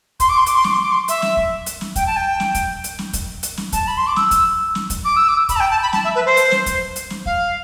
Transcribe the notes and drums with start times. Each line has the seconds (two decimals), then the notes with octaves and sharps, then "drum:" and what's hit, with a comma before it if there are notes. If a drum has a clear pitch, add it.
0.20 C6, drum: kick, hi-hat
0.29 D6
0.37 C6
0.46 D6, drum: hi-hat
0.55 C6
0.64 D6, drum: snare
0.73 C6
0.82 D6
0.92 C6
1.08 E5, drum: hi-hat
1.22 drum: snare
1.37 drum: kick
1.66 drum: hi-hat
1.81 drum: snare
1.96 G5, drum: kick, hi-hat
2.06 A5
2.16 G5
2.40 drum: snare
2.55 drum: kick, hi-hat
2.84 drum: hi-hat
2.99 drum: snare
3.13 drum: kick, hi-hat
3.43 drum: hi-hat
3.57 drum: snare
3.72 A5, drum: kick, hi-hat
3.87 B5
3.97 C6
4.06 D6
4.16 E6, drum: snare
4.31 drum: kick, hi-hat
4.75 drum: snare
4.90 drum: kick, hi-hat
5.04 D6
5.16 E6
5.28 D6
5.49 B5, drum: kick, hi-hat
5.56 A5
5.60 G5
5.70 A5
5.82 B5
5.93 A5, drum: snare
6.04 E5
6.15 B4
6.26 C5
6.37 drum: hi-hat
6.52 drum: snare
6.66 drum: kick, hi-hat
6.96 drum: hi-hat
7.10 drum: snare
7.25 F5, drum: kick